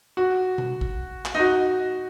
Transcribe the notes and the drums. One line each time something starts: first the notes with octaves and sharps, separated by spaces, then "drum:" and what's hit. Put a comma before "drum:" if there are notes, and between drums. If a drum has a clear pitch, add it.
F#4
drum: tom B2
drum: kick
drum: clap
D#4
F#4